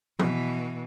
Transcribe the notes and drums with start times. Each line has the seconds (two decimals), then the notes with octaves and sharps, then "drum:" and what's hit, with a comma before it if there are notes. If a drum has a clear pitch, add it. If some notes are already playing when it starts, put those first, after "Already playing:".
0.19 B2 E3, drum: tom F3